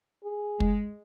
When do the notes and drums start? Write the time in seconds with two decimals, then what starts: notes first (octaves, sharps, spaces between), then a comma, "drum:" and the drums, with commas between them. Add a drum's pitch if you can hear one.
0.24 G#4
0.60 G#3, drum: kick